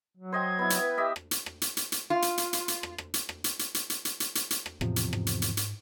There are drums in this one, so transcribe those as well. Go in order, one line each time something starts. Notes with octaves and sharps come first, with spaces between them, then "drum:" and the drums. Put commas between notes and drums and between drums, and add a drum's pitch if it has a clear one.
F#3
C5 D#5 G5 G#6
B3 E4
drum: hi-hat
B4
G4 D#5 E5
drum: rim click
drum: hi-hat
drum: rim click
drum: hi-hat
drum: hi-hat
drum: hi-hat
F4
drum: hi-hat
drum: hi-hat
drum: hi-hat
drum: hi-hat
drum: rim click
drum: rim click
drum: hi-hat
drum: rim click
drum: hi-hat
drum: hi-hat
drum: hi-hat
drum: hi-hat
drum: hi-hat
drum: hi-hat
drum: hi-hat
drum: hi-hat
drum: rim click
E2 A2 C3 F3, drum: rim click
drum: hi-hat
G#2, drum: rim click
drum: hi-hat
drum: hi-hat
drum: hi-hat